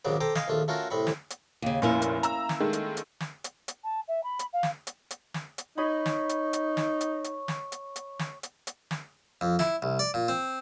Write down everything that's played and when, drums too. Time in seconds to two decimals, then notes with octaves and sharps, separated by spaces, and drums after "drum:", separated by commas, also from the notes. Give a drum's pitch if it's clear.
0.05 A#1 D#2 G#2 C#3 F#3 D5
0.21 A4 C5 G5 A#5 D6
0.35 D#5 F5 G#5, drum: snare
0.48 A#1 D#2 A3 F4
0.68 A3 C#4 F4 F#4 A4 A#4
0.90 C2 A2 C4 B5 C#6
1.07 drum: snare
1.30 drum: hi-hat
1.62 D#2 C#3
1.82 F1 A#2 A#3 C#4 E4
2.02 drum: hi-hat
2.23 A#5 E6, drum: hi-hat
2.49 drum: snare
2.60 D#3 G#3 A3
2.73 drum: hi-hat
2.97 drum: hi-hat
3.20 drum: snare
3.44 drum: hi-hat
3.68 drum: hi-hat
3.83 A5
4.08 E5
4.23 B5
4.39 drum: hi-hat
4.53 F5
4.63 drum: snare
4.87 drum: hi-hat
5.11 drum: hi-hat
5.34 drum: snare
5.58 drum: hi-hat
5.78 D#4 C#5 D#5 B5
6.06 drum: snare
6.29 drum: hi-hat
6.53 drum: hi-hat
6.77 drum: snare
7.01 drum: hi-hat
7.24 drum: hi-hat
7.48 drum: snare
7.72 drum: hi-hat
7.96 drum: hi-hat
8.19 drum: snare
8.43 drum: hi-hat
8.67 drum: hi-hat
8.91 drum: snare
9.41 F2
9.59 E4, drum: snare
9.82 C2
9.99 D5
10.14 A#2
10.28 C4